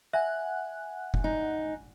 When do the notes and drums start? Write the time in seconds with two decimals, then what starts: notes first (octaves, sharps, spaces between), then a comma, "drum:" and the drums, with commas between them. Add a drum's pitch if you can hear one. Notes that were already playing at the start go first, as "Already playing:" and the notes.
0.13 E5 F#5 G#5 F#6
1.14 drum: kick F1
1.24 D#4